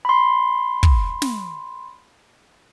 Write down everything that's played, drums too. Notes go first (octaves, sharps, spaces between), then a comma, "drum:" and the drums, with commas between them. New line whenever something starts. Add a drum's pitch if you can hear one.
B5 C6
drum: kick
drum: snare